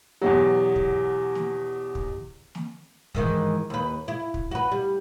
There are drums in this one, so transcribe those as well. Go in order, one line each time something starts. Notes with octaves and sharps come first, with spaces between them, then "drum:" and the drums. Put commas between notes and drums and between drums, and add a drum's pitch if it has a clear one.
E2 B2 F#3 G4
drum: kick
drum: snare
drum: kick
drum: snare
G#2 D#3 E3, drum: kick
D#2 B4
E4
drum: kick
F#4 B4
G3